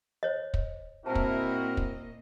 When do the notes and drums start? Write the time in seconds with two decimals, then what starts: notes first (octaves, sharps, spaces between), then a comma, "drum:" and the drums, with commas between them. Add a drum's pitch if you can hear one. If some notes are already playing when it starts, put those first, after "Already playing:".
0.23 C5 C#5 D#5
0.54 drum: kick
1.06 A#2 C4 E4 F#4 A#4 D#5 A5
1.15 drum: kick
1.77 drum: kick